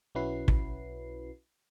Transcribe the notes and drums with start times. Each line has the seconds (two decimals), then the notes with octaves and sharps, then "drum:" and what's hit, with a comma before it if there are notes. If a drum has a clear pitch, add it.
0.15 B1 C#4 E4 F#4 B4 C7
0.48 drum: kick